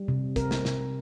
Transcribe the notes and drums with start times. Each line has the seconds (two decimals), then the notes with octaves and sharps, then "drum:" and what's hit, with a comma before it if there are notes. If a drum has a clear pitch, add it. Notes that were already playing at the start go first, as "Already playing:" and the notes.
Already playing: G3
0.08 C3
0.36 C4 A#4, drum: kick, hi-hat
0.51 drum: snare
0.65 C3, drum: snare